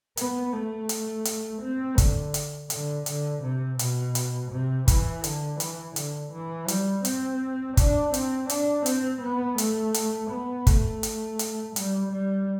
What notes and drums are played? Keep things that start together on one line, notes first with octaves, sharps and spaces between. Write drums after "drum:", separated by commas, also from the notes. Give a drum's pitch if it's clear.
B3, drum: hi-hat
A3
drum: hi-hat
drum: hi-hat
C4
D3, drum: kick, hi-hat
drum: hi-hat
D3, drum: hi-hat
D3, drum: hi-hat
C3
B2, drum: hi-hat
drum: hi-hat
C3
E3, drum: kick, hi-hat
D3, drum: hi-hat
E3, drum: hi-hat
D3, drum: hi-hat
E3
G3, drum: hi-hat
C4, drum: hi-hat
D4, drum: kick, hi-hat
C4, drum: hi-hat
D4, drum: hi-hat
C4, drum: hi-hat
B3
A3, drum: hi-hat
drum: hi-hat
B3
A3, drum: kick, hi-hat
drum: hi-hat
drum: hi-hat
G3, drum: hi-hat
G3